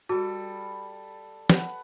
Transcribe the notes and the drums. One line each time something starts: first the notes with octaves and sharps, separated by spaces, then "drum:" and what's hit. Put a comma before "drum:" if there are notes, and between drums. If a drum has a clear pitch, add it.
G3 F#4 A4
B4 F#5, drum: snare